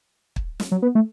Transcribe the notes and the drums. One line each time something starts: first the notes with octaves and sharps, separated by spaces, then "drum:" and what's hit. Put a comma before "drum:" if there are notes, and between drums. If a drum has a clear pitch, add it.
drum: kick
drum: snare
F#3
B3
A3